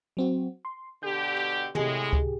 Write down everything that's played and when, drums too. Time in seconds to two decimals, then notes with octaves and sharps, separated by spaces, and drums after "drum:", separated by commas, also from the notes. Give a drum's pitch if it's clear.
0.17 F#3 C4 F#4
0.65 C6
1.03 B2 D3 G4 G6
1.75 A2 C3 G#3 G4 G#4, drum: tom
2.13 drum: kick C#2